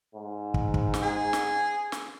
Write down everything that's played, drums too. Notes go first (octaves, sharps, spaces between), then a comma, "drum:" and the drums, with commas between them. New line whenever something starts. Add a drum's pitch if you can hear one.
G#2
drum: kick
drum: kick
drum: snare
G#4
drum: snare
drum: snare